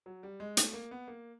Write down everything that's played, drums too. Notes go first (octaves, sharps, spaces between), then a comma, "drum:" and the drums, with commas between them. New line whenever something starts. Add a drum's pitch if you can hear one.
F#3
G3
G#3
A3, drum: hi-hat
A#3
B3
A#3